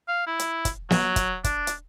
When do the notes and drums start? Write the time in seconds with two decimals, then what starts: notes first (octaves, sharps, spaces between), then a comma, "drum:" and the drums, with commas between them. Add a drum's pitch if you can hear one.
0.08 F5
0.27 E4
0.39 drum: hi-hat
0.65 drum: kick, hi-hat
0.91 F#3, drum: snare
1.16 drum: kick, hi-hat
1.44 D4, drum: kick, hi-hat
1.67 drum: hi-hat